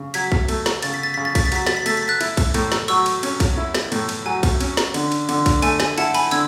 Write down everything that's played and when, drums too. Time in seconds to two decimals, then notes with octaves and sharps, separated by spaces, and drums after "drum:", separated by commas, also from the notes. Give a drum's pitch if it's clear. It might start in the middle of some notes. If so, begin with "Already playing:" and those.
Already playing: C#3
0.14 F#3 G#6 B6, drum: cymbal
0.32 drum: kick
0.48 A3, drum: cymbal
0.66 drum: snare
0.82 C#3 A6, drum: cymbal
0.94 B6
1.03 A6
1.14 C#3 B6
1.25 A6
1.35 B6, drum: kick, cymbal
1.46 A6
1.52 F#3 B6, drum: cymbal
1.66 A6, drum: snare
1.77 B6
1.86 A3 A6, drum: cymbal
1.97 B6
2.08 F#6 A6
2.21 E4, drum: cymbal
2.37 drum: kick, cymbal
2.54 A2, drum: cymbal
2.72 drum: snare
2.88 F#3 C#6 E6, drum: cymbal
3.06 drum: cymbal
3.23 C#4, drum: cymbal
3.40 drum: kick, cymbal
3.57 E4
3.74 drum: snare
3.92 A2, drum: cymbal
4.09 drum: cymbal
4.25 F#3 G#5
4.43 drum: kick, cymbal
4.61 C#4, drum: cymbal
4.77 drum: snare
4.94 D3, drum: cymbal
5.12 drum: cymbal
5.29 D3, drum: cymbal
5.46 drum: kick, cymbal
5.62 A3 G#5, drum: cymbal
5.80 G#5, drum: snare
5.98 E4 F#5 A5, drum: cymbal
6.14 G#5 B5, drum: cymbal
6.31 D3 E6 G#6, drum: cymbal